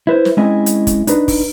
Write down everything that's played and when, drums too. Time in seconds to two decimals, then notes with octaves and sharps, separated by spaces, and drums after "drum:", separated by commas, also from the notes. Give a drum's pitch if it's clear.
0.07 E4 B4 C5
0.25 drum: snare
0.37 G#3 C4 C#4 E4 D#5 G#5
0.66 drum: hi-hat
0.87 drum: kick, hi-hat
1.07 D4 D#4 B4, drum: hi-hat
1.28 drum: kick, open hi-hat